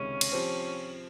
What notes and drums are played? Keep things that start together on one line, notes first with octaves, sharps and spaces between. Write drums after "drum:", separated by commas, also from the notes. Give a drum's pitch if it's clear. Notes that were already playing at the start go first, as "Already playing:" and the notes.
Already playing: C#2 C3 D#3 G#3 C#4
drum: cymbal
F3 C4 G4 C5